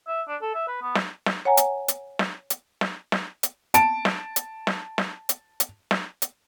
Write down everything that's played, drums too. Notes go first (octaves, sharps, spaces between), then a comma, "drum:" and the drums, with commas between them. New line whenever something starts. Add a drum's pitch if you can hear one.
E5
D4
A4
E5
B4
B3
drum: snare
drum: snare
C#5 F#5 G#5 A#5
drum: hi-hat
drum: hi-hat
drum: snare
drum: hi-hat
drum: snare
drum: snare
drum: hi-hat
A5 D7, drum: hi-hat
drum: snare
drum: hi-hat
drum: snare
drum: snare
drum: hi-hat
drum: hi-hat
drum: snare
drum: hi-hat